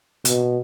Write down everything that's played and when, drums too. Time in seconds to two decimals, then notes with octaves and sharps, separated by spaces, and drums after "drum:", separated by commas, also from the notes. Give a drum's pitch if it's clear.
0.25 B2, drum: hi-hat